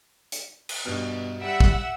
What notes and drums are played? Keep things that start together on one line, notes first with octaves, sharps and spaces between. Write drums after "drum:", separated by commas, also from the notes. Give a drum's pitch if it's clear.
drum: hi-hat
drum: cymbal
G2 B2 F6
G3 E5 F#5 E6 D7
drum: kick